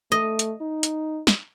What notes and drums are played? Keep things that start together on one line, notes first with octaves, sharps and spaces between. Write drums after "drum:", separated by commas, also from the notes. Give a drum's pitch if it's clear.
A3 D#5
drum: hi-hat
D#4
drum: hi-hat
drum: snare